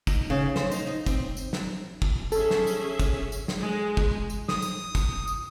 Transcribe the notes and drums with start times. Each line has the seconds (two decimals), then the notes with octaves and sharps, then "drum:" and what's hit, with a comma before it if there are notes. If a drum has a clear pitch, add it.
0.07 D#4, drum: kick, tambourine
0.30 C#3
0.56 C5, drum: snare
0.71 D#4, drum: tambourine
0.87 D#4
1.06 C4, drum: kick, tambourine
1.37 drum: tambourine
1.53 drum: snare
2.02 drum: kick
2.32 C#4 G#4 A4 E5, drum: tambourine
2.51 drum: snare
2.67 drum: tambourine
2.99 drum: kick, tambourine
3.32 drum: tambourine
3.48 drum: snare
3.59 G#3
3.97 drum: kick
4.30 drum: tambourine
4.49 D#6, drum: snare
4.62 drum: tambourine
4.95 drum: kick, tambourine
5.27 drum: tambourine